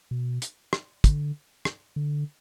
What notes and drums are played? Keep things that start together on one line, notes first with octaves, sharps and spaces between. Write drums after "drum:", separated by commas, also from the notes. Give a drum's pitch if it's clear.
B2
drum: hi-hat
drum: rim click
D3, drum: kick, hi-hat
drum: rim click
D3